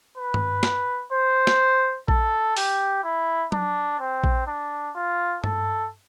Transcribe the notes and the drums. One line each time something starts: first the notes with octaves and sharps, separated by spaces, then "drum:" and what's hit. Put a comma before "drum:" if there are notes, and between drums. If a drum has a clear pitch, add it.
B4
drum: tom G2
drum: snare
C5
drum: snare
A4, drum: kick A#1
G4, drum: open hi-hat
E4
D4, drum: tom F#3
C4
drum: kick A#1
D4
F4
A4, drum: tom G2